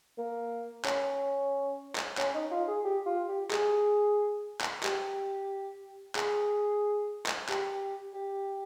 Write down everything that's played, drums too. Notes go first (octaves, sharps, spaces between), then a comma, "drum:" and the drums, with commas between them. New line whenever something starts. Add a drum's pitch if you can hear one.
A#3
C#4, drum: clap
drum: clap
C#4, drum: clap
D#4
F4
G#4
G4
F4
G4
G#4, drum: clap
drum: clap
G4, drum: clap
G#4, drum: clap
drum: clap
G4, drum: clap
G4